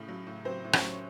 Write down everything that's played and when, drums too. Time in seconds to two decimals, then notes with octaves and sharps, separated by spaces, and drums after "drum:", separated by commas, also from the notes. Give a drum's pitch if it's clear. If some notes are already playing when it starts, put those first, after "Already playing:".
Already playing: A2 C#3
0.08 F#3
0.27 A2
0.45 F#3 C4 C5
0.64 A2
0.73 C#4 C#5, drum: rim click
0.81 F#3